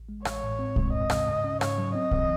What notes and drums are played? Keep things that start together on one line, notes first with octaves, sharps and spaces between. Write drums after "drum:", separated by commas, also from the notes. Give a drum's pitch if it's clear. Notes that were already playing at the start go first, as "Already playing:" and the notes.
Already playing: A1
G#3
A1 C#5, drum: rim click
A2
C4
G#3, drum: kick
D#2 D#5
C#3, drum: rim click
G#2
C#4
G#2 C#5, drum: rim click
F#3
C4 D#5
E3, drum: kick